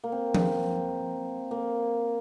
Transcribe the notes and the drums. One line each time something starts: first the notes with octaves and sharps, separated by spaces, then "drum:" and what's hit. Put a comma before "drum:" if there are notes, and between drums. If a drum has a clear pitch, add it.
A#3
C4
drum: tom F3
A#3